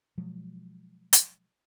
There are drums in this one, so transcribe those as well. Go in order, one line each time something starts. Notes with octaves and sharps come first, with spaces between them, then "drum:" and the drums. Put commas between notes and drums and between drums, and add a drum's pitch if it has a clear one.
B2 F3 F#3 G#3
drum: hi-hat